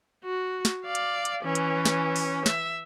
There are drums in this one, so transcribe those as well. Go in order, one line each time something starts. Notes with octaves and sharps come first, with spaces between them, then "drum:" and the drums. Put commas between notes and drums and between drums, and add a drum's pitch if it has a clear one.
F#4
drum: snare
D5 F5
drum: hi-hat
drum: hi-hat
E3 C#4
drum: hi-hat
drum: snare
drum: open hi-hat
E5, drum: snare